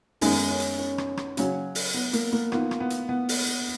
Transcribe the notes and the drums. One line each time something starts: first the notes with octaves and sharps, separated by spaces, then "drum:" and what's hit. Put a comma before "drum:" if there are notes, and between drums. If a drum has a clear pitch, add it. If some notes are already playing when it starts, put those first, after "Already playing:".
F#2 D#3 G#3 B3 D#4, drum: open hi-hat
C#4
drum: hi-hat
C#4
drum: rim click
drum: rim click
C#3 F#3 C#4, drum: hi-hat
drum: open hi-hat
B3
A#3, drum: hi-hat
A#3
D#3 A#3 B3 F4, drum: rim click
drum: rim click
B3
drum: hi-hat
B3
drum: open hi-hat